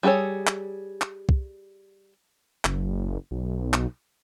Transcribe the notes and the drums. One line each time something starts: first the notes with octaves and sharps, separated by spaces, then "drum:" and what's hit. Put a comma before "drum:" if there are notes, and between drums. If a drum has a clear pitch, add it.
G3 F#4 G#4 A4 C#5
drum: clap
drum: clap
drum: kick C2
F#1, drum: clap
B1
drum: clap